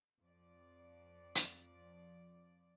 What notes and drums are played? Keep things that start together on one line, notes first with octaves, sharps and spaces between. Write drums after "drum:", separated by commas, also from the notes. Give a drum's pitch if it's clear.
F2 F3 D5
drum: hi-hat